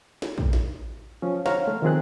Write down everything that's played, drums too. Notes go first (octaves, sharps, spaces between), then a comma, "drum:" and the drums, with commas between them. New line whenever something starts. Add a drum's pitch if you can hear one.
drum: snare
drum: kick
drum: snare
F3 C#4
C5 C#5 F5 F#5 A#5 F6, drum: snare
A3
D#3 F3 C4 G#4 F#6